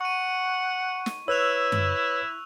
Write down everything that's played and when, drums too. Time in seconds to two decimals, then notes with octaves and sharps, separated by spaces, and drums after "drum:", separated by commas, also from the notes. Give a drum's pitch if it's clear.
0.01 F#5 C#6 D#7
1.06 drum: snare
1.28 E4 B4 C#5 E6 F#6 F7
1.72 drum: tom F#2